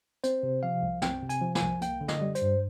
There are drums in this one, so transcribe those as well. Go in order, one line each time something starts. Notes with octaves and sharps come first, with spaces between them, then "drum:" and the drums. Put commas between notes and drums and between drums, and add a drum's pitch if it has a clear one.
C4 C5, drum: hi-hat
C3
F3 F5
C2
C4 G5, drum: snare
C3
G#5, drum: hi-hat
F3
G#5, drum: snare
C2
A#3 G5, drum: hi-hat
D3
D#5, drum: snare
G3
C5, drum: hi-hat
G2